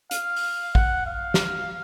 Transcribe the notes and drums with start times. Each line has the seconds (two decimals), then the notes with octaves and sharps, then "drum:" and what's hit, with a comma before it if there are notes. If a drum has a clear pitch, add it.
0.11 F5, drum: hi-hat
0.36 drum: open hi-hat
0.75 F#5, drum: kick
1.07 F5
1.34 drum: snare